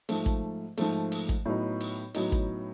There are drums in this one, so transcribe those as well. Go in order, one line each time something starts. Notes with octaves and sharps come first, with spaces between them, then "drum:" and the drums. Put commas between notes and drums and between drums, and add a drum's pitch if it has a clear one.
G#2 F3 A3, drum: open hi-hat
drum: kick, hi-hat
G#2 F3 A3, drum: open hi-hat
drum: open hi-hat
drum: kick, hi-hat
A2 F#3 B3 D#4
drum: open hi-hat
A2 F#3 B3 D#4, drum: open hi-hat
drum: kick, hi-hat